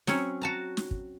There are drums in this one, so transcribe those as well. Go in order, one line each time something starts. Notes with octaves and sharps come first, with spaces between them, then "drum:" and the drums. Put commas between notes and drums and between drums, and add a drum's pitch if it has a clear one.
F#3 C4 C#4 C#5, drum: snare
F#4 A5 A#5
drum: snare
drum: kick